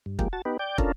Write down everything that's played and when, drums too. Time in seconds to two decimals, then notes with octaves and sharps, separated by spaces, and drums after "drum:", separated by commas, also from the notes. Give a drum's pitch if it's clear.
0.06 G2
0.19 F3 G#3 A#3 G4, drum: kick
0.33 F#4 A5
0.45 B3 D#4 G4 B4
0.59 D5 G5 G6
0.78 C#4 D4 F4 A4 A#4, drum: kick